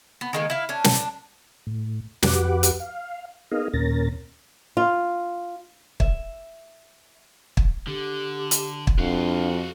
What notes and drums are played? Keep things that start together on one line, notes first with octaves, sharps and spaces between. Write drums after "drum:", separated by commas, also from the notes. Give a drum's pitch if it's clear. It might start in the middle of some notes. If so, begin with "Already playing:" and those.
B3
D#3 G#3 A#3
E4 F5
C#4 D4
drum: snare
D4
A2
F2 F#4 G4 B4 F#5 D6, drum: snare
drum: hi-hat
F5
B3 D#4 G#4 A#4 D#5 F5
D#2 A#2 C#4 A#4 A6 A#6
F4
E5, drum: kick
drum: kick
D3 G4
drum: hi-hat
drum: kick
F2 D4 F#4 F5